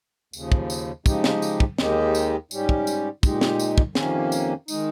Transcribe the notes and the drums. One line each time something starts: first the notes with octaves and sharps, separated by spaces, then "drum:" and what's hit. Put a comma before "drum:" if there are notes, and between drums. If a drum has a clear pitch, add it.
D#2 C#3 F3, drum: tambourine
drum: kick
drum: tambourine
C#3 F3 G#3 D#4 G4, drum: kick, tambourine
drum: snare
drum: tambourine
drum: kick
D#2 D#3 G#3 D#4 G4, drum: snare
drum: tambourine
G#2 G3 C#4 G4, drum: tambourine
drum: kick
drum: tambourine
A#2 G#3 D#4 G4, drum: kick, tambourine
drum: snare
drum: tambourine
drum: kick
F2 C3 D#3 A#3 C#4, drum: snare
drum: tambourine
D#3 G#3 D#4, drum: tambourine